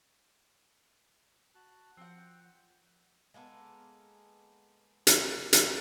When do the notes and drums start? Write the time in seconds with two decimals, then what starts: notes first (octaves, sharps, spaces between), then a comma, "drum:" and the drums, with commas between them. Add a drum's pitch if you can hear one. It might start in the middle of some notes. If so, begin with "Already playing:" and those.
1.55 F#4 A5 F#6
1.97 F3 C4 F#5 G5
3.34 G#3 A#3 B3 A4
5.07 drum: hi-hat
5.53 drum: hi-hat